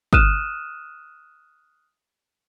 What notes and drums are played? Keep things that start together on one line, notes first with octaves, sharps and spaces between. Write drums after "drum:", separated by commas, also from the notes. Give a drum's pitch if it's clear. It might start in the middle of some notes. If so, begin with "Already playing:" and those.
D#6 F6 F#6 D#7 E7, drum: kick G1